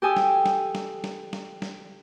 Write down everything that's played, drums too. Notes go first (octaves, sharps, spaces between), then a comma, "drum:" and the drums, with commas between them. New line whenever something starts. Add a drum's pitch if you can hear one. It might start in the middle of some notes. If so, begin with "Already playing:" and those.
G4 A4 G#5 D#6
drum: snare
drum: snare
drum: snare
drum: snare
drum: snare
drum: snare